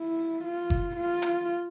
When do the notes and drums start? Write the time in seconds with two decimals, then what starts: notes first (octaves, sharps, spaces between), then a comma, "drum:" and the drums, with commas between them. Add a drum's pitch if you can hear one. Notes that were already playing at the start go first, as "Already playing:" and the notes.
Already playing: E4
0.44 F4
0.70 drum: kick F#1
0.96 F4
1.22 drum: hi-hat